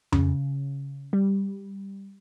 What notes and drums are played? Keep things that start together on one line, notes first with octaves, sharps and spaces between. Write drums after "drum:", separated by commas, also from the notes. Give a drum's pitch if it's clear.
C#3, drum: tom F2
G3